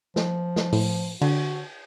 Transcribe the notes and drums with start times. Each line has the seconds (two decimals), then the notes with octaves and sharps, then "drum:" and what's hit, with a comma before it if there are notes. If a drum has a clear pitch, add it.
0.16 F3, drum: snare
0.56 drum: snare
0.72 A2, drum: open hi-hat
1.21 D3 F#4, drum: cymbal